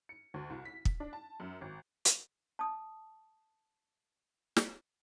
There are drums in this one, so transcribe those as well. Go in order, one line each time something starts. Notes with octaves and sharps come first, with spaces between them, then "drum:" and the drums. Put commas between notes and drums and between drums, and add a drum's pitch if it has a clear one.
C#7
D2
C2
B6
drum: kick
D4
A5
F#2
G#1
drum: hi-hat
A5 D#6
drum: snare